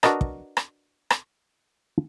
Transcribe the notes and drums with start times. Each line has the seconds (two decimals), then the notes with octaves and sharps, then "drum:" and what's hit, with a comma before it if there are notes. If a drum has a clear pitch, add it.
0.03 D4 F#4 A#4 B4 D#5 A5, drum: rim click
0.21 drum: kick
0.57 drum: rim click
1.10 drum: rim click